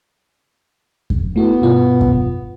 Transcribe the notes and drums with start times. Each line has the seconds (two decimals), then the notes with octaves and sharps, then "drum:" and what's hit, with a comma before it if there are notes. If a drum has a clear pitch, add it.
1.10 drum: kick F2
1.36 A3 B3 E4 F#4
1.62 G2 B2 F4
2.01 drum: kick F2